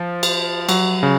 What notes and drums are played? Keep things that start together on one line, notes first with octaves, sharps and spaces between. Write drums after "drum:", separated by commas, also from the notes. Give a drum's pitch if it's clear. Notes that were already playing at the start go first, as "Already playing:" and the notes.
Already playing: F3
drum: cymbal
F#3, drum: cymbal
C#3